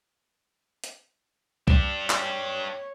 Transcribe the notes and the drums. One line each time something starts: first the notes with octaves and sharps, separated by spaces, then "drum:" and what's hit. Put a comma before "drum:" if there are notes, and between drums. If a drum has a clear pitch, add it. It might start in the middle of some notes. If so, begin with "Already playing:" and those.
drum: hi-hat
D4 G4, drum: kick
C#5, drum: clap